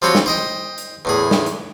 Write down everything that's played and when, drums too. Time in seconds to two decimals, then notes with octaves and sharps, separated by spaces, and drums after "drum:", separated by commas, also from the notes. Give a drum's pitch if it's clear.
0.02 F3 G3 C4 F#4 C#5
0.15 drum: snare
0.26 C5 D#5 G5
0.78 drum: hi-hat
1.05 E2 A2 G#4
1.31 drum: snare
1.46 drum: hi-hat